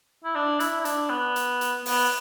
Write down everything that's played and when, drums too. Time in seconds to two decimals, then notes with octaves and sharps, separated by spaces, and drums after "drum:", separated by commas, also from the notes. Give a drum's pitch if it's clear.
0.24 E4
0.35 D4
0.60 E4, drum: hi-hat
0.81 E4
0.85 D4, drum: hi-hat
1.10 B3
1.36 drum: hi-hat
1.61 drum: hi-hat
1.86 B3, drum: open hi-hat